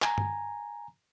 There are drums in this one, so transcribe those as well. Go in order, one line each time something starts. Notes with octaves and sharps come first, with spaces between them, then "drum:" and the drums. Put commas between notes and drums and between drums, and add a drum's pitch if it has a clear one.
G#5 A#5, drum: clap
drum: tom G2